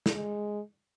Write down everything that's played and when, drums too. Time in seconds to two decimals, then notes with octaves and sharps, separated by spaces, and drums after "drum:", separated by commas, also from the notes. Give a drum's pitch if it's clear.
0.06 drum: snare
0.15 G#3